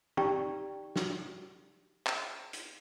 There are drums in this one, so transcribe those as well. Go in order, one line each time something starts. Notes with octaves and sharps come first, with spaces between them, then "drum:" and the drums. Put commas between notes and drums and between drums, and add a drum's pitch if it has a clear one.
D#4 G4 D5 G5 A#5 C#6, drum: tom
drum: snare
drum: clap
drum: hi-hat